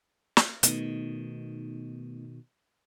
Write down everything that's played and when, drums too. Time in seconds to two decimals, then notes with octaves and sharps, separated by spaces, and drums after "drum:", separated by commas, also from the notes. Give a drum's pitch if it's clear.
0.37 drum: snare
0.63 B2 D#3 A3 B3 D#4, drum: hi-hat